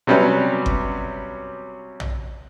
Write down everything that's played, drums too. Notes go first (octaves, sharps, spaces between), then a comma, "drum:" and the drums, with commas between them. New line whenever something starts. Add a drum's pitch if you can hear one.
C3 F#3 G3 B3 C#4 B4
drum: kick G1
drum: tom A#1